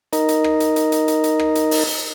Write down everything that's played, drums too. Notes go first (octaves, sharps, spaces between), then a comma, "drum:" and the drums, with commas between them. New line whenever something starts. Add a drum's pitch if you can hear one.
D#4 A#4 D#5, drum: hi-hat
drum: hi-hat
drum: rim click
drum: hi-hat
drum: hi-hat
drum: hi-hat
drum: hi-hat
drum: hi-hat
drum: rim click
drum: hi-hat
drum: open hi-hat
drum: hi-hat